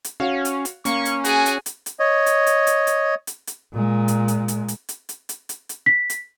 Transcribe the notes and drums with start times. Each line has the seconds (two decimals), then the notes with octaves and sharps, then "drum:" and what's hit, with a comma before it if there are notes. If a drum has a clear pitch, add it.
0.04 drum: hi-hat
0.20 C#4 F#4 C#5 F5
0.45 drum: hi-hat
0.65 drum: hi-hat
0.85 A#3 C#4 C#6, drum: hi-hat
1.05 drum: hi-hat
1.24 F#4 G#4 G#5, drum: hi-hat
1.46 drum: hi-hat
1.66 drum: hi-hat
1.86 drum: hi-hat
2.00 C#5 D#5
2.26 drum: hi-hat
2.46 drum: hi-hat
2.67 drum: hi-hat
2.87 drum: hi-hat
3.27 drum: hi-hat
3.47 drum: hi-hat
3.73 A#2 G#3
4.08 drum: hi-hat
4.28 drum: hi-hat
4.48 drum: hi-hat
4.68 drum: hi-hat
4.89 drum: hi-hat
5.09 drum: hi-hat
5.29 drum: hi-hat
5.49 drum: hi-hat
5.69 drum: hi-hat
5.86 B6
6.10 drum: hi-hat